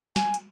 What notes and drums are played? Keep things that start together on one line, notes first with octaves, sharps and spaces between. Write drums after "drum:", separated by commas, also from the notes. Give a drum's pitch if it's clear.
G#5, drum: snare
drum: hi-hat